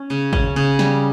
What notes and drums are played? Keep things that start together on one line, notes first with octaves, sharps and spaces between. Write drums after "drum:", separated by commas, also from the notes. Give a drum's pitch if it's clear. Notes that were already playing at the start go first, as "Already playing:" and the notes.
Already playing: C#4
C#3
C#4, drum: kick G#1
C#3
G3, drum: snare